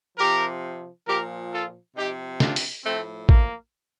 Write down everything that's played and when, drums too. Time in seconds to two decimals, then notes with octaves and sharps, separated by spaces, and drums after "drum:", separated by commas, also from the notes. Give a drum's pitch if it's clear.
0.18 C3 F3 G4 A#4
1.07 A#2 F3 G4 A#4
1.51 F4 A4
1.95 C3 F3 D#4 G4
2.40 D4 F4, drum: snare
2.56 drum: open hi-hat
2.84 A2 F3 A3 C4
3.29 A#3, drum: kick